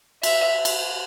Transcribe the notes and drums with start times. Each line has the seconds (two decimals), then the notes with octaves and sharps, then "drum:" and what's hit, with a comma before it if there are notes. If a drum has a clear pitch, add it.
0.23 E5, drum: cymbal
0.65 drum: cymbal